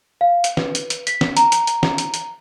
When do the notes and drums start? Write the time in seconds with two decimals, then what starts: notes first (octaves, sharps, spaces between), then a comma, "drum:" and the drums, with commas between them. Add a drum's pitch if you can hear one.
0.21 F5
0.44 drum: hi-hat
0.57 B4, drum: snare
0.75 drum: hi-hat
0.90 drum: hi-hat
1.07 B6, drum: hi-hat
1.21 drum: snare
1.37 A#5, drum: hi-hat
1.52 drum: hi-hat
1.67 drum: hi-hat
1.83 drum: snare
1.98 drum: hi-hat
2.14 drum: hi-hat